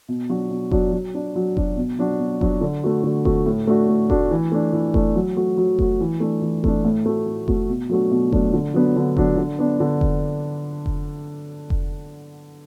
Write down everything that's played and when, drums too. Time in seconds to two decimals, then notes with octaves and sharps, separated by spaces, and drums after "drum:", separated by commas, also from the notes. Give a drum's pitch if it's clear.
0.09 B2
0.29 F#3 D4 F#4
0.50 B2
0.71 F#3 D4 F#4, drum: kick F1
0.93 F#3
1.14 D4 F#4
1.36 F#3
1.57 D4 F#4, drum: kick F1
1.77 B2
1.99 F#3 D4 F#4
2.19 B2
2.41 F#3 D4 F#4, drum: kick F1
2.61 D3
2.84 A3 F#4
3.04 D3
3.25 A3 F#4, drum: kick F1
3.46 A2
3.67 A3 D4 F#4
3.89 A2
4.10 A3 D4 F#4, drum: kick F1
4.31 E3
4.52 A3 D4
4.73 E3
4.94 A3 D4, drum: kick F1
5.15 F#3
5.37 A3 F#4
5.58 F#3
5.79 A3 F#4, drum: kick F1
6.00 E3
6.20 A3 D4
6.42 E3
6.64 A3 D4, drum: kick F1
6.85 A2
7.06 A3 F#4
7.26 A2
7.48 A3 F#4, drum: kick F1
7.69 B2
7.89 F#3 A3 D4 F#4
8.11 B2
8.32 F#3 A3 D4 F#4, drum: kick F1
8.54 D3
8.74 F#3 B3 D4
8.96 D3
9.17 F#3 B3 D4, drum: kick F1
9.37 D3
9.59 B3 D4
9.80 D3
10.01 drum: kick F1
10.86 drum: kick F1
11.70 drum: kick F1